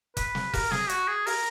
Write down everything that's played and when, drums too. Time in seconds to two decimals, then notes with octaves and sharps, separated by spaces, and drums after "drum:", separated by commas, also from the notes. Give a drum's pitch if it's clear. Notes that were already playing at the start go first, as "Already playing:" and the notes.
0.17 B4, drum: kick F1, hi-hat
0.35 drum: snare
0.54 A#4, drum: kick F1, open hi-hat
0.71 G#4, drum: snare
0.89 F#4, drum: hi-hat
1.08 G#4
1.27 A#4, drum: open hi-hat